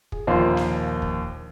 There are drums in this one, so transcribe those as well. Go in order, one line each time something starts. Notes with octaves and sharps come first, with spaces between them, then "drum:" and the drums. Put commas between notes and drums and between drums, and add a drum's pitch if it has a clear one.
G#4, drum: kick
A#1 D#2 F3 A#3 C5 C6
drum: snare
drum: kick